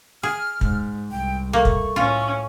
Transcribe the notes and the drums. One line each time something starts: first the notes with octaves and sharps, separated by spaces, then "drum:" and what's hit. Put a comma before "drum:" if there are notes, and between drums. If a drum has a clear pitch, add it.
G#4 F6
G#2, drum: kick
C2 G5
A3 A#3 C#6
drum: kick
A2 C#4 F4